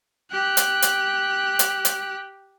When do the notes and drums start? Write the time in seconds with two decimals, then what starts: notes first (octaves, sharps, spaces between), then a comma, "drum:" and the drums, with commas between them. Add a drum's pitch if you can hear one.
0.31 G4 F#6
0.57 drum: hi-hat
0.82 drum: hi-hat
1.59 drum: hi-hat
1.85 drum: hi-hat